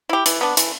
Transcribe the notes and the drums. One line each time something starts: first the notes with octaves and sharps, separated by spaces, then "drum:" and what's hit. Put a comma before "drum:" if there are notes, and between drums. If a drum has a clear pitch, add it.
E4 G4
E3, drum: hi-hat
B3 D4
E3, drum: hi-hat